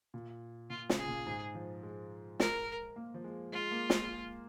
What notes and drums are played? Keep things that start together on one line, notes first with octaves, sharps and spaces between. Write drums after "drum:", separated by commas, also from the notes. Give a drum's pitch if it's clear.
A#2
A#2 F4
C#3, drum: snare
G#4
A#2
G#2
F3
G#3
A#4, drum: snare
A#3
F3
G#3
G#3 F4
A#3
G#3, drum: snare
G#3